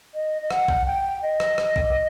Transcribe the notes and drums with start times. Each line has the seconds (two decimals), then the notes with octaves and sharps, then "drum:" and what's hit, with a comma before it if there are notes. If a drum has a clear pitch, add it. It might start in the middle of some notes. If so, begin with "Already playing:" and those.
0.14 D#5
0.42 D#5
0.50 F#5, drum: rim click
0.68 drum: kick
0.86 G5
1.22 D#5
1.40 drum: rim click
1.58 drum: rim click
1.76 drum: kick